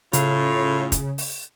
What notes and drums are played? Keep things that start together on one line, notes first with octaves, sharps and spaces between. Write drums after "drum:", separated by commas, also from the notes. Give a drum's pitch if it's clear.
A2 C#3 F4, drum: hi-hat
drum: kick, hi-hat
drum: open hi-hat